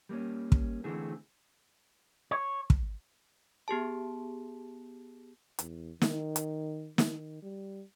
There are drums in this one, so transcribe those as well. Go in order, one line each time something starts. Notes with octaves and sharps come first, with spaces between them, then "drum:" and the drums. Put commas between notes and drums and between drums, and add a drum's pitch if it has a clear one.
G3 A#3 C4 C#4
drum: kick
D3 E3 A3 C4 G#4
C#5
drum: kick
B3 G4 G#4 A5
E2, drum: hi-hat
D#3, drum: snare
drum: hi-hat
D#3, drum: snare
G3